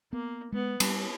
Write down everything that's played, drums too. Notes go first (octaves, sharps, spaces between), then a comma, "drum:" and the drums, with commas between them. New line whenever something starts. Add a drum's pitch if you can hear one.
A#3 B3
G#3 B3
G3, drum: cymbal